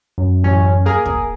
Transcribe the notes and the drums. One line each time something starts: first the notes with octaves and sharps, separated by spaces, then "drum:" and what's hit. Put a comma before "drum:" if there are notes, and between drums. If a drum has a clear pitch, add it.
F#2
A1 C#4
A#3 G#4 A#4
drum: kick